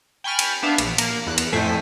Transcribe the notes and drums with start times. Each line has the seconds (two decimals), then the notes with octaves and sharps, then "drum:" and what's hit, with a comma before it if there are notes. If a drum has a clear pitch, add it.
0.24 G5 G#5 B5 C#6 F6 A6
0.39 drum: cymbal
0.63 B3 D4 E5 F5
0.78 A#1, drum: cymbal
0.98 A#3, drum: cymbal
1.27 E2 F#6
1.38 drum: cymbal
1.52 F2 A2 A3 C5 G#5 B6